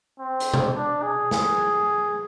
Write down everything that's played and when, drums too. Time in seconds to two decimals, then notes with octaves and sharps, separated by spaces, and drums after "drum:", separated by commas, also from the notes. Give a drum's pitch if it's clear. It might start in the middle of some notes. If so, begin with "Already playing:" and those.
0.19 C4
0.40 drum: hi-hat
0.54 drum: tom B2
0.75 D4
1.03 G#4
1.31 G#4, drum: snare